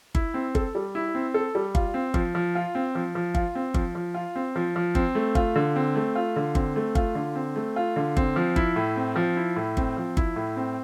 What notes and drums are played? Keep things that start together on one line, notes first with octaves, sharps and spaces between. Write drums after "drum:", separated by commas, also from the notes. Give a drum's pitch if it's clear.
E4, drum: kick G1
C4
A4, drum: kick G1
G3
E4
C4
A4
G3
F4, drum: kick G1
C4
F3, drum: kick G1
F3
F4
C4
F3
F3
F4, drum: kick G1
C4
F3, drum: kick G1
F3
F4
C4
F3
F3
C4, drum: kick G1
A3
F4, drum: kick G1
D3
C4
A3
F4
D3
C4, drum: kick G1
A3
F4, drum: kick G1
D3
C4
A3
F4
D3
C4, drum: kick G1
F3
E4, drum: kick G1
A2
C4
F3
E4
A2
C4, drum: kick G1
F3
E4, drum: kick G1
A2
C4